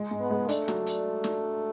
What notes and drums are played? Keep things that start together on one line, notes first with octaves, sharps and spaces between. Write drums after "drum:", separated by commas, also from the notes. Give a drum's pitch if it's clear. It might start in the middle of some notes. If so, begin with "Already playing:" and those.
Already playing: G#3
G#2
B3
G#3
A3 D4, drum: hi-hat
F#3, drum: snare
drum: hi-hat
drum: snare